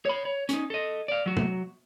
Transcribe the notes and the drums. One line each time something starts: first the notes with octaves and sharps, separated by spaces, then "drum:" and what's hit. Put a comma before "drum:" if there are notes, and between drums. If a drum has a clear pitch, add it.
C#5 B5
C#5
C#4 D#4, drum: hi-hat
A4 D#5
D5 F5
F#3 F#4
drum: tom